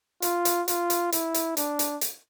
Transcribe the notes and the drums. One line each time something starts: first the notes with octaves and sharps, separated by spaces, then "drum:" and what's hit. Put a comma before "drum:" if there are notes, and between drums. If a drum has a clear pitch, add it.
F4, drum: hi-hat
drum: hi-hat
F4, drum: hi-hat
drum: hi-hat
E4, drum: hi-hat
drum: hi-hat
D4, drum: hi-hat
drum: hi-hat
drum: hi-hat